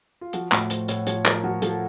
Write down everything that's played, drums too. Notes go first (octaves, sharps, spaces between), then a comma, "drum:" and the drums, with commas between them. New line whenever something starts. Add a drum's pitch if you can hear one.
F4
F3 F#4, drum: hi-hat
A2 F#4, drum: clap
A2 C5, drum: hi-hat
A2 C#5, drum: hi-hat
F3 C#5, drum: hi-hat
F3 A#4, drum: clap
F3 F#4
F3 A4, drum: hi-hat